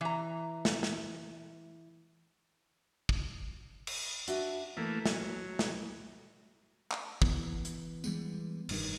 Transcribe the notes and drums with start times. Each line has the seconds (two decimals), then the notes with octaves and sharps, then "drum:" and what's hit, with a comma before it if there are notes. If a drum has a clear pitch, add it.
0.01 E3 A#5
0.65 drum: snare
0.83 drum: snare
3.09 drum: kick
3.87 drum: cymbal
4.28 D4 F#4 E5, drum: hi-hat
4.77 E3 A3 A#3 A4
5.06 F#3, drum: snare
5.59 drum: snare
6.91 drum: clap
7.22 E3 B3, drum: kick
7.65 drum: hi-hat
8.04 E3 G3 G#3 B3, drum: tambourine
8.69 F1 G2 D#3, drum: cymbal